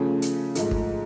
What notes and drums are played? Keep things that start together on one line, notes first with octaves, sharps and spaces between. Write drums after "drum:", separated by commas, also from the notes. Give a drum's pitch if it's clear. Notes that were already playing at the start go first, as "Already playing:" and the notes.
Already playing: C#3 F3 A3 C#4
drum: hi-hat
G#2 F3 A3, drum: hi-hat
drum: kick